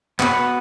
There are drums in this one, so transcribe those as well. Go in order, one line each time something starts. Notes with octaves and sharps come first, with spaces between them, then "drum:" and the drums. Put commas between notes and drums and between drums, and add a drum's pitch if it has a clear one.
B3 F#4 B4, drum: clap